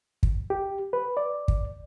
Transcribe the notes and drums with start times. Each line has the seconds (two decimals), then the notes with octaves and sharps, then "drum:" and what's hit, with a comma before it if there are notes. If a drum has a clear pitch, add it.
0.23 drum: kick
0.50 G4
0.93 B4
1.17 D5
1.48 drum: kick